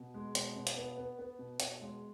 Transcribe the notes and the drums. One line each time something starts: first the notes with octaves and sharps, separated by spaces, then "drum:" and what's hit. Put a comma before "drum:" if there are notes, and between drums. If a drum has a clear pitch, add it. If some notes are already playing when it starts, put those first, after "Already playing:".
Already playing: B2
G#3
B2, drum: hi-hat
B2
drum: hi-hat
B3
B3
B3
B2
B2, drum: hi-hat
G#3